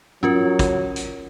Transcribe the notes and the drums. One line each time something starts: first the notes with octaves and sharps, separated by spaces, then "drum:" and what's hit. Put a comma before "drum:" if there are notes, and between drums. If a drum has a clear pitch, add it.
F#3 C#4 F4 A#4, drum: tom G#2
drum: kick, hi-hat
drum: hi-hat